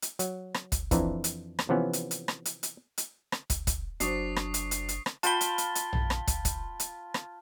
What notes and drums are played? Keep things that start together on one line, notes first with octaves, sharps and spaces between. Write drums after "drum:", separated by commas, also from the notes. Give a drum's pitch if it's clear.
drum: hi-hat
F#3, drum: hi-hat
drum: rim click
drum: kick, hi-hat
F2 E3 D4 E4 C5 A#5, drum: kick, hi-hat
drum: hi-hat
drum: rim click
C3 E3 F3 B3 C#4
drum: hi-hat
drum: hi-hat
drum: rim click
drum: hi-hat
drum: hi-hat
drum: hi-hat
drum: rim click
drum: kick, hi-hat
drum: kick, hi-hat
F#1 F#3 D4 C5 C#6 D#6 C7, drum: hi-hat
drum: rim click
drum: hi-hat
drum: hi-hat
drum: hi-hat
drum: rim click
F4 G5 A5 B5 G7, drum: hi-hat
drum: hi-hat
drum: hi-hat
drum: hi-hat
drum: tom A#1
drum: rim click
drum: kick, hi-hat
drum: kick, hi-hat
drum: hi-hat
drum: rim click